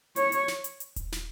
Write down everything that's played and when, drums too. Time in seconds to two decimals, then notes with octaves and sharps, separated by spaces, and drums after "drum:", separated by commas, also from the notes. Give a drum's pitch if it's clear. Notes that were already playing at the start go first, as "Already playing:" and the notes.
0.16 C#5, drum: hi-hat
0.32 drum: hi-hat
0.48 drum: snare
0.64 drum: hi-hat
0.80 drum: hi-hat
0.96 drum: kick D#1, hi-hat
1.12 drum: snare